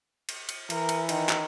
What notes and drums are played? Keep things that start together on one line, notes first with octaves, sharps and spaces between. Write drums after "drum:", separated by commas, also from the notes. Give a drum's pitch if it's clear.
drum: cymbal
drum: cymbal
E3 A#4, drum: cymbal
drum: cymbal
D#3, drum: cymbal
drum: clap